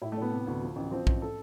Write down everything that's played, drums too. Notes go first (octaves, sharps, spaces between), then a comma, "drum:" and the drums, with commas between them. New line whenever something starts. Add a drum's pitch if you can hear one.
A2 E4
A3
A2 B3
C3
D2
F3
A1
F3 C4
A1, drum: kick
A4